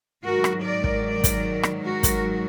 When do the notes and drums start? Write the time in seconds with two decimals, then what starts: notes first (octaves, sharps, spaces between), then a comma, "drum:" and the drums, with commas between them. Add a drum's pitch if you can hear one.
0.24 G#2 D#3 F#3 F#4 A#4
0.44 drum: rim click
0.63 A#4 D5
0.84 drum: kick
1.03 A#4 D5
1.24 drum: kick, hi-hat
1.63 drum: rim click
1.84 F#4 A#4
2.03 drum: kick, hi-hat